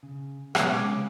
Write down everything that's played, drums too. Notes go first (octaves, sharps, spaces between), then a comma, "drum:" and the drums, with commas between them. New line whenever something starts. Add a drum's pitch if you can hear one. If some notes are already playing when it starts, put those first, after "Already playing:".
C#3
B2 F#3 B3 C#4, drum: rim click
C3 G#3 G#5 D6
C#3